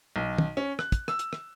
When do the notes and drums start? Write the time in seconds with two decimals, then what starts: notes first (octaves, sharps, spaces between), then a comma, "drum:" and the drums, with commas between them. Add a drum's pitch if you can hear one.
0.16 B1
0.38 drum: tom
0.57 C#4
0.79 F#6, drum: rim click
0.92 drum: kick, hi-hat
1.08 E6, drum: rim click
1.19 drum: hi-hat
1.33 drum: rim click